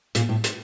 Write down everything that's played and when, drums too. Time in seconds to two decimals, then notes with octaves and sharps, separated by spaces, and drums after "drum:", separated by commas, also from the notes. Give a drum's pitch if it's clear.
0.15 A#2, drum: hi-hat
0.29 A2
0.44 drum: hi-hat